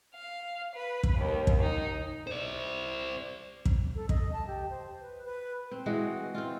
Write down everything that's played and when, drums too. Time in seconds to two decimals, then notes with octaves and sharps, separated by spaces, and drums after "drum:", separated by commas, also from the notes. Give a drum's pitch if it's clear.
0.15 F5
0.75 B4
1.03 drum: kick
1.17 D#2
1.47 drum: kick
1.61 D#4
2.27 C5 D5
3.65 drum: kick
3.95 A4
4.09 D#5, drum: kick
4.33 A5
4.47 G4
4.70 C5
5.01 B4
5.25 B4
5.71 C4
5.86 E3 G#3 F#4
6.35 C4 F4